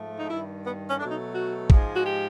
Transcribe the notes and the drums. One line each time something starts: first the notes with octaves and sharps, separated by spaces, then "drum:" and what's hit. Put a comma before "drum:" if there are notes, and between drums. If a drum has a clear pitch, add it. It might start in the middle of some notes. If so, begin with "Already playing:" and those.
Already playing: G#2 F3 A3
D#4
G2 D#3 G3 E4
B3
C#4
B2 F#3 A3 D4
D#4
F#4
G#2 F3 G#3, drum: kick
F#4
G4